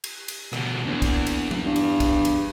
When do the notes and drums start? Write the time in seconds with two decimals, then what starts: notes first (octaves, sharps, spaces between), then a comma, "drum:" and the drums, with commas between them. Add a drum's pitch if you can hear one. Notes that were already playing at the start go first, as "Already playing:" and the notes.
0.04 drum: cymbal
0.28 drum: cymbal
0.53 B2 D3, drum: rim click
0.85 A#1 E2
1.02 drum: kick, cymbal
1.27 drum: cymbal
1.51 drum: tom
1.66 G2
1.76 drum: cymbal
2.00 drum: kick, cymbal
2.25 drum: cymbal